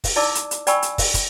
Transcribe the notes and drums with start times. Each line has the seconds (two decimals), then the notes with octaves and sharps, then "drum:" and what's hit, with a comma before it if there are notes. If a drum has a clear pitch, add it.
0.04 drum: kick, open hi-hat
0.16 D#4 E4 D5 A5 D6 E6
0.35 drum: hi-hat
0.51 drum: hi-hat
0.67 D5 G5 G#5 B5 C#6 E6, drum: hi-hat
0.82 drum: hi-hat
0.98 drum: kick, open hi-hat
1.14 drum: kick, hi-hat